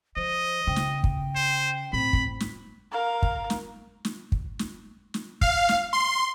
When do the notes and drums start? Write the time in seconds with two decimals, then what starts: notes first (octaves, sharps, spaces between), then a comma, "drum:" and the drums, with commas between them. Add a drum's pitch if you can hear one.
0.17 F3 C5 D#5
0.67 C#3 G5
0.76 drum: snare
1.04 drum: kick
1.35 C5
1.93 A2 C4 B5
2.13 drum: kick
2.40 drum: snare
2.91 A#4 F5
3.23 drum: kick
3.50 drum: snare
4.05 drum: snare
4.32 drum: kick
4.59 drum: snare
5.14 drum: snare
5.41 F5, drum: kick
5.69 drum: snare
5.93 C6